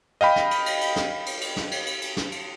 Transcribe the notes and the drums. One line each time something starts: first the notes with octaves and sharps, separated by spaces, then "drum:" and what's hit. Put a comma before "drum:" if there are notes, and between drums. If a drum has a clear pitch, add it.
D#5 F5 G5 B5
drum: snare
drum: cymbal
drum: cymbal
drum: cymbal
drum: snare
drum: cymbal
drum: cymbal
drum: snare
drum: cymbal
drum: cymbal
drum: cymbal
drum: snare
drum: cymbal